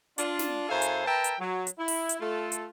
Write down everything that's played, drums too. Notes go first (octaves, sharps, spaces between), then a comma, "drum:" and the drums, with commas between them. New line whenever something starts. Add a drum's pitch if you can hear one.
D4 F4, drum: hi-hat
drum: snare
F#2 E4 A4 C5 F5 G#5
drum: hi-hat
A#4 B4 E5 G5 A5 A#5
drum: hi-hat
F#3
drum: hi-hat
E4
drum: open hi-hat
drum: hi-hat
A3 F4 A4
drum: hi-hat